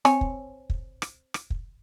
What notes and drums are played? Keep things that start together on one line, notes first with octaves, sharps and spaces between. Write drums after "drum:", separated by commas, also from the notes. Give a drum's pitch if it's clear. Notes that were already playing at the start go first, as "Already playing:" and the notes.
C4 C#5 G#5, drum: rim click
drum: kick
drum: kick
drum: rim click
drum: rim click
drum: kick